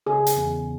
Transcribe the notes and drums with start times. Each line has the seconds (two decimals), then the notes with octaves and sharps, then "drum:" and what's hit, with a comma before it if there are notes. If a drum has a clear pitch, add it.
0.06 C#3 G#4
0.27 drum: hi-hat
0.37 E2